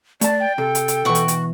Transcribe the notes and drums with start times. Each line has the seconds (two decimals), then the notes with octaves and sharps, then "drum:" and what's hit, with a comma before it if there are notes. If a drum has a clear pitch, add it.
0.21 A3 D5 A5, drum: hi-hat
0.40 G5
0.58 C3 A4
0.75 drum: hi-hat
0.88 drum: hi-hat
1.05 B2 E3 F#4 C#6
1.15 drum: hi-hat
1.28 drum: hi-hat